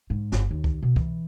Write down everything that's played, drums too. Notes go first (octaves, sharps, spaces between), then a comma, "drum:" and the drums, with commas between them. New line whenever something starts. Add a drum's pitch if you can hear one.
G#2
G1, drum: snare
D#2
drum: kick C2
B2
E3, drum: kick C2